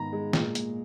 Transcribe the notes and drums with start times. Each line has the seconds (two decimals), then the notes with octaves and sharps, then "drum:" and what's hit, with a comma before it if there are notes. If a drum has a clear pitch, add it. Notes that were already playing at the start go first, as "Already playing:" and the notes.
Already playing: G#2 D#3 B3 A#5
0.13 G#3
0.33 A#2, drum: snare
0.55 A#2, drum: hi-hat